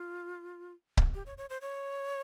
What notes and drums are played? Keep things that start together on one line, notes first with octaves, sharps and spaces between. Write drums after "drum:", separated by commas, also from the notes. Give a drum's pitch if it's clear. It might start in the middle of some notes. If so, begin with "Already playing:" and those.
Already playing: F4
drum: kick C#1
G4
C#5
C#5
C5
C#5